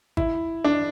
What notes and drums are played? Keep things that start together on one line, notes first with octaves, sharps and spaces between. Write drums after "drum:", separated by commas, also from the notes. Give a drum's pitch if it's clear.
E4, drum: kick G#1
D4